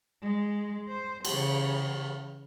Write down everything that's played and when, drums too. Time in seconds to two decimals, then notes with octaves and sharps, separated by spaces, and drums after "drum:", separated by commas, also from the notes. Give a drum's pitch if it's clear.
0.22 G#3
0.88 C5
1.25 C#3 E3, drum: cymbal